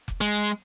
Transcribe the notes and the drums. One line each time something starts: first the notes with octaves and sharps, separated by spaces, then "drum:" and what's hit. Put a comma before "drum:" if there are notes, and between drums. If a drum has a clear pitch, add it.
drum: kick F1
G#3